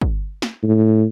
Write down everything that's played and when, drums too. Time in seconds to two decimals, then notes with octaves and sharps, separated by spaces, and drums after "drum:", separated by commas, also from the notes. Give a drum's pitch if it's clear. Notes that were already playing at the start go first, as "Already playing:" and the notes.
0.01 drum: kick
0.42 drum: snare
0.63 A2